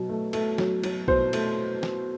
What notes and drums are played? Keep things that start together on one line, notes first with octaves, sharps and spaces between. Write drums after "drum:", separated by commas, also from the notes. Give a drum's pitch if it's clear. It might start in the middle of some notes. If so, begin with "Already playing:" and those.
Already playing: B2 F#3
A3
A3, drum: cymbal
F#3, drum: snare
F#3, drum: cymbal
B2 C5, drum: kick B1
A3, drum: cymbal
drum: snare